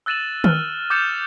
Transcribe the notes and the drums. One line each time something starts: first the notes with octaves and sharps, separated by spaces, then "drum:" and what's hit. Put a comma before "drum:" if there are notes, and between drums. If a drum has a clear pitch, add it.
E6 F#6 A6 D#7 E7 F#7
F6 F#6, drum: tom D#3
D6 D#6 G6 A6 C#7 E7